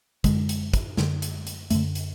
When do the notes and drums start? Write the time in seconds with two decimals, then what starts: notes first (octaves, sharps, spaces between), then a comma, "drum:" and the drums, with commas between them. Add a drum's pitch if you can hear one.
0.24 F#2 D3 G#3, drum: kick, hi-hat
0.49 drum: hi-hat
0.73 drum: kick, hi-hat
0.97 F#2 D3, drum: snare
1.22 drum: hi-hat
1.47 drum: hi-hat
1.70 F#2 D3 A3, drum: hi-hat
1.95 drum: hi-hat